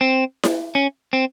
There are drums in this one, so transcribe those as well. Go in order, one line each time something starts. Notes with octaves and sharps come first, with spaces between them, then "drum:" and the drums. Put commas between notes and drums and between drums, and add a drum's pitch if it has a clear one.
C4
drum: snare E4
C#4
C4